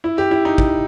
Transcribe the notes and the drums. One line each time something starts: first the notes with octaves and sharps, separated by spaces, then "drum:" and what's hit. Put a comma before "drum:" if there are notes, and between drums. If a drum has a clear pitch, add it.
E4
G4
E4
D#4
drum: kick